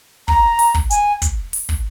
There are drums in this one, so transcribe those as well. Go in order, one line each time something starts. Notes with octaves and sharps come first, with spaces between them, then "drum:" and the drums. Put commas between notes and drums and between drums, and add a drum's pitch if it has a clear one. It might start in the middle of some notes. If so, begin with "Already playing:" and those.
A#5, drum: kick
drum: open hi-hat
drum: kick
G#5, drum: hi-hat
drum: kick, hi-hat
drum: open hi-hat
drum: kick